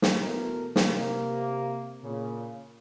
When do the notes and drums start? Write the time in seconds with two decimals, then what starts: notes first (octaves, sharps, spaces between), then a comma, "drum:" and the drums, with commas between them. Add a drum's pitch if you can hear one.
0.02 drum: snare
0.18 B2 E3 A3 A#4
0.76 drum: snare
0.85 C3 A#3
2.04 A#2 C#3